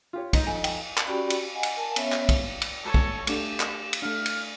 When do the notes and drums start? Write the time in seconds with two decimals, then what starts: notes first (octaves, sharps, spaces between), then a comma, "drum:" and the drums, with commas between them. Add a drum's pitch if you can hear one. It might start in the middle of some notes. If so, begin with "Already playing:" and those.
0.13 F4 G4 C#5
0.33 D#4, drum: kick, cymbal
0.47 F2 G#5
0.64 G5, drum: cymbal
0.97 drum: clap
1.07 C#4 F#4 G4 D5 G5 B5
1.30 drum: cymbal
1.53 D#5 F#5 G#5
1.63 drum: cymbal
1.77 A#4 G#5 A5
1.96 B3 C#4 C#5 E5, drum: cymbal
2.12 drum: clap
2.29 drum: kick, cymbal
2.62 drum: cymbal
2.84 A4 C#5
2.94 drum: kick
3.27 A3 D4 G4 E7, drum: cymbal
3.60 drum: clap
3.93 drum: cymbal
4.02 A3 D4 F6
4.26 drum: cymbal